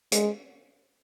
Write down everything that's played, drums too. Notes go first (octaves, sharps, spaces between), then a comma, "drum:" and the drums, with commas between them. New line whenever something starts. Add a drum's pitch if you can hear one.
G#3, drum: hi-hat